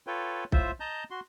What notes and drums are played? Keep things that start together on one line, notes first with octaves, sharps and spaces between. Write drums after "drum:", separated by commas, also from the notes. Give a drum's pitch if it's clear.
F4 A4 B4 C#5 G5
A2 F4 C5 E5, drum: kick B1
D#5 A5 A#5 G6
F#4 C6